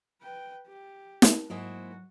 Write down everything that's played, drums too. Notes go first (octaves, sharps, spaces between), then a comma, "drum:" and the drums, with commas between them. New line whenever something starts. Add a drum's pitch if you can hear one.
B4 G5
G4
drum: snare
G#2 F#3 A#3 E4 F#4 C5 D#5 G#5